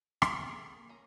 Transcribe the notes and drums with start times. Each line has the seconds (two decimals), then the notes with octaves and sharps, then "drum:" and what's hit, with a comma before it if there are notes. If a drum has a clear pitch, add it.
0.22 E3 A#3 F4 A#5, drum: rim click
0.49 G#4 A4
0.89 C#4 A#5